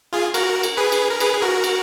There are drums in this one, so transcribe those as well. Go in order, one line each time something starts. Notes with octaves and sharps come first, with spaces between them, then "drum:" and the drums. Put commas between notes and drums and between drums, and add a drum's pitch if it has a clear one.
F4 G#4
F#4 A#4, drum: cymbal
drum: cymbal
G#4 B4
drum: cymbal
A#4
G#4 B4, drum: cymbal
G#4
F#4 A#4
drum: cymbal